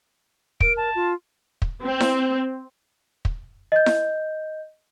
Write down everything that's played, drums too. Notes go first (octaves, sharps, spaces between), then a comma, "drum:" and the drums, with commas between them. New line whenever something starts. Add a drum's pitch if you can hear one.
A#4 D7, drum: kick
A5
F4
drum: kick
C4
drum: snare E4
drum: kick
D#5 G6
drum: snare E4